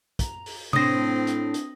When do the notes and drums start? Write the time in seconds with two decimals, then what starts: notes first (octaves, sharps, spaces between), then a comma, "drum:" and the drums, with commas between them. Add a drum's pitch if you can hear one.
0.19 A#5, drum: kick, hi-hat
0.46 drum: open hi-hat
0.73 A2 C4 D4 C5 D#6 A#6, drum: tom C3
1.27 drum: hi-hat
1.54 drum: hi-hat